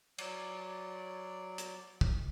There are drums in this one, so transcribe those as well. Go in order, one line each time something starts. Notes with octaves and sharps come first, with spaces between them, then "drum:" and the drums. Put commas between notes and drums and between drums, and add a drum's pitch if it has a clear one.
F#3 D5, drum: cymbal
drum: hi-hat
drum: kick